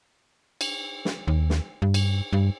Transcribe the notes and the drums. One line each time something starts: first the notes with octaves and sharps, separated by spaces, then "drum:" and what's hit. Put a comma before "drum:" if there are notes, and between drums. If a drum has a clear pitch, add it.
drum: cymbal
drum: snare
D#2
drum: snare
G2
drum: cymbal
G2